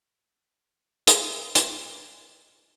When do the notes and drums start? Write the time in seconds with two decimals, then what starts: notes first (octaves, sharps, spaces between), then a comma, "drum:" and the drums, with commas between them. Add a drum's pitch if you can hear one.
1.07 G#4 A#4 E5, drum: hi-hat
1.55 drum: hi-hat